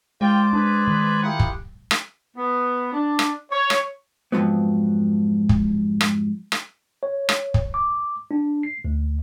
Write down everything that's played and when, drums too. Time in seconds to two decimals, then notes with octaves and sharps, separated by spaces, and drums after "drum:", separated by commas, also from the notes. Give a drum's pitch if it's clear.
0.21 G#3 F4 C5 D5 G5
0.53 D4 G#4 B4
0.87 D#3
1.23 E4 F4 G4 G#4 A#4 F#5
1.39 drum: kick
1.91 drum: rim click
2.37 B3
2.93 D4
3.19 drum: rim click
3.51 C#5
3.70 drum: rim click
4.32 F2 G#2 F3 F#3 B3
5.49 drum: kick
6.01 drum: rim click
6.52 drum: rim click
7.03 C#5
7.29 drum: rim click
7.54 drum: kick
7.74 D6
8.31 D4
8.63 C7
8.85 D2